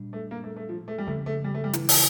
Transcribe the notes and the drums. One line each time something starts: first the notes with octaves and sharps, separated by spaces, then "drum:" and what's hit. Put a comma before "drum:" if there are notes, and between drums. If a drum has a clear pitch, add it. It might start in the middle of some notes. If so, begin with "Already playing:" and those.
Already playing: A#2 G3 D4
A3
A#3
A3
A3
F3
A3
G3
C#3 F3 A3 A#3 C#4
A3
G3
A3
G3
E3, drum: hi-hat
drum: open hi-hat